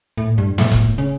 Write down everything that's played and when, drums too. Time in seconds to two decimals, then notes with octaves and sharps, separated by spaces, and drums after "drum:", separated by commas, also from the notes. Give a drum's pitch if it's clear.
0.18 A2
0.38 G2
0.58 A2, drum: snare
0.72 drum: kick E1
0.98 C#3